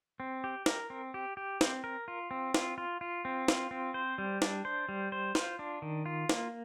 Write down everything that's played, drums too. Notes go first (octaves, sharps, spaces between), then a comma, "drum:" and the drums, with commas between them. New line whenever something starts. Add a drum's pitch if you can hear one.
C4
G4
A#4, drum: snare
C4
G4
G4
C4, drum: snare
A#4
F4
C4
F4, drum: snare
F4
F4
C4
F4, drum: snare
C4
C5
G3
D4, drum: snare
C5
G3
C5
F4, drum: snare
D4
D#3
F4
A#3, drum: snare